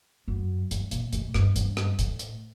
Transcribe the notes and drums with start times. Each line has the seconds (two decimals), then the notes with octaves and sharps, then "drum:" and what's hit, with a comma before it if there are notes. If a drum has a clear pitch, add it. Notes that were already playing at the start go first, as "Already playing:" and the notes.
0.28 F#2
0.71 G2, drum: hi-hat
0.91 A#2, drum: hi-hat
1.13 A2, drum: hi-hat
1.34 G2, drum: rim click
1.56 G2, drum: hi-hat
1.77 drum: rim click
1.99 A2, drum: hi-hat
2.19 drum: hi-hat